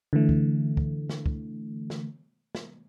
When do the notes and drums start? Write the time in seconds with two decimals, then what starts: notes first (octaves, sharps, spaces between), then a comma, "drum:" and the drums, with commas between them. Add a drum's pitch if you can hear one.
0.13 D3 E3 A3
0.29 drum: kick
0.77 drum: kick
1.09 drum: snare
1.26 drum: kick
1.90 drum: snare
2.55 drum: snare